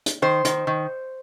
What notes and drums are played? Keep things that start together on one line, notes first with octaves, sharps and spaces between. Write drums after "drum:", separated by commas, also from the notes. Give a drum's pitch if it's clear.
drum: hi-hat
D#3 C5
D#3, drum: hi-hat
D#3